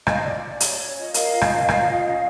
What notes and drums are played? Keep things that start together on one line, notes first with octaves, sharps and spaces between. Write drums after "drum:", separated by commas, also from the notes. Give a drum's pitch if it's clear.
C#4 D#5 F5, drum: rim click
F4 D5
C#4 D5
C#4 C#5, drum: hi-hat
C#4 C#5
F4 C#5 D#5
A#4 D#5 F5, drum: hi-hat
F4
drum: rim click
C#4
F4, drum: rim click
F4
C#4